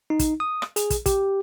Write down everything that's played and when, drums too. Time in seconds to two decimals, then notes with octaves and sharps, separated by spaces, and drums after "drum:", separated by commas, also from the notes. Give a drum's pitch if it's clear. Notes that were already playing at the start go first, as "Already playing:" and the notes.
0.10 D#4
0.19 drum: kick, hi-hat
0.40 D#6
0.62 drum: rim click
0.76 G#4, drum: hi-hat
0.90 drum: kick, hi-hat
1.06 G4, drum: kick, hi-hat